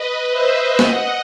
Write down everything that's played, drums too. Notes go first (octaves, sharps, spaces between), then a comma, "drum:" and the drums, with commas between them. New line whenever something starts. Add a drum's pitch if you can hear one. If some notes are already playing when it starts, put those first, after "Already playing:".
Already playing: B4 D#5
C5 E5
D#5 F#5, drum: snare